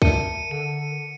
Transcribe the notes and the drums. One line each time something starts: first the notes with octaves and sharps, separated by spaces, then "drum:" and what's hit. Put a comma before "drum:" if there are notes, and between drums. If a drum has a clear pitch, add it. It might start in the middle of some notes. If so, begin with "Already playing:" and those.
A#4 D5 E5 A5 C#7 D#7, drum: kick
D3 D#7